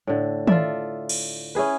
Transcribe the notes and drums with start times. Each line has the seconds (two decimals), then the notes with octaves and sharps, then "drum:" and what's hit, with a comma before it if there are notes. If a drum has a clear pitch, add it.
0.07 A2 D3
0.47 F4 A4 D5 E5, drum: tom
1.09 drum: cymbal
1.55 C#4 E4 G#4 B4